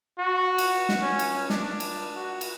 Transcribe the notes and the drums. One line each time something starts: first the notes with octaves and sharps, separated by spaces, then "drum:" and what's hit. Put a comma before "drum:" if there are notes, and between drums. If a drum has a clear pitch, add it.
F#4
drum: cymbal
drum: snare
C#4
drum: cymbal
D4, drum: snare
drum: cymbal
F#4
drum: cymbal